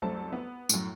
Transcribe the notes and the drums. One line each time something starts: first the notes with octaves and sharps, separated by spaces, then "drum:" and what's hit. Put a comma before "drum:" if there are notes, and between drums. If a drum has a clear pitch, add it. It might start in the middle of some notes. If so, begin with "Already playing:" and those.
C2 F#2 A3 C4 A5
B3
F#2 A2, drum: tambourine